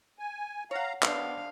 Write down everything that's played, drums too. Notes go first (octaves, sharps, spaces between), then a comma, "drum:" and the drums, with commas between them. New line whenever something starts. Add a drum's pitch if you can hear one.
G#5
C#5 F5 F#5 A#5
B3 D4 C5 F5, drum: clap